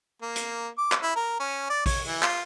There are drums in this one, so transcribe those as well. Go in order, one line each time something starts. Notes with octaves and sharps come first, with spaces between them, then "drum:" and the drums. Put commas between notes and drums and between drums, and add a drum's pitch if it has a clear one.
A#3
drum: hi-hat
D6
drum: clap
E4
A#4
C#4
D5
C#5, drum: kick A#1, open hi-hat
E3
F4, drum: clap